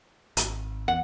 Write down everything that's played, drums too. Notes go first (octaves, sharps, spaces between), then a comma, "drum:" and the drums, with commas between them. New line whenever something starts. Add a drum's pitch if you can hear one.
G#1, drum: hi-hat
E2 F#5